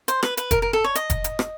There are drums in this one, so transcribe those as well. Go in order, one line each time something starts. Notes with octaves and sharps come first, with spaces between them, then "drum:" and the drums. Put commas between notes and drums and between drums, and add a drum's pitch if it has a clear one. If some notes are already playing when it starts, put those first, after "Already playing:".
C5, drum: hi-hat
B4, drum: rim click
B4, drum: hi-hat
A#4, drum: kick F1, hi-hat
A#4
A4
C#5
D#5, drum: hi-hat
drum: kick F1, hi-hat
drum: hi-hat
drum: rim click